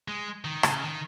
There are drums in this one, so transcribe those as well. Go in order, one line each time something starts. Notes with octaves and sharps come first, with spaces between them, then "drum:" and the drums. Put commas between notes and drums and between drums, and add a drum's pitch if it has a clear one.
G#3
D#3
C#3, drum: rim click
D#3